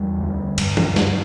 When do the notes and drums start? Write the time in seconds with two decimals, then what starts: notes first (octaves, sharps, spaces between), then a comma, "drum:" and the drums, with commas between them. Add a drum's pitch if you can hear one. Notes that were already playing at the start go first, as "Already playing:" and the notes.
Already playing: E2 G3
0.20 D2
0.58 G2, drum: cymbal
0.77 drum: tom
0.96 G2, drum: snare